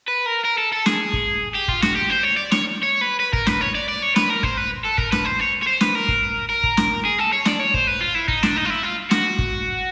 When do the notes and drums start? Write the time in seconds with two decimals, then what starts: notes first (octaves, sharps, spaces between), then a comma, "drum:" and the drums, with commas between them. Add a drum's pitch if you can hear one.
0.08 B4
0.26 A#4
0.45 A#4
0.58 A4
0.73 A4
0.86 G#4, drum: snare
1.13 drum: kick
1.54 G4
1.68 F4, drum: kick
1.82 F#4, drum: snare
1.95 G4
2.10 C5
2.23 C#5
2.37 D5
2.51 C#5, drum: snare
2.83 C#5
3.01 B4
3.20 B4
3.33 A#4, drum: kick
3.47 B4, drum: snare
3.61 C#5
3.75 D5
3.89 D5
4.03 C#5
4.16 B4, drum: snare
4.30 A#4
4.43 C5, drum: kick
4.58 B4
4.85 A4
4.98 A#4, drum: kick
5.12 B4, drum: snare
5.25 C5
5.40 C#5
5.63 C#5
5.67 C5
5.81 B4, drum: snare
5.95 A#4
6.08 drum: kick
6.50 A#4
6.63 drum: kick
6.77 drum: snare
7.05 G#4
7.19 A4
7.33 C#5
7.45 D5, drum: snare
7.59 C#5
7.74 C5, drum: kick
7.87 B4
8.01 F4
8.15 E4
8.28 D#4, drum: kick
8.43 D4, drum: snare
8.56 D#4
8.65 F4
8.70 E4
8.83 F4
9.11 F#4, drum: snare
9.39 drum: kick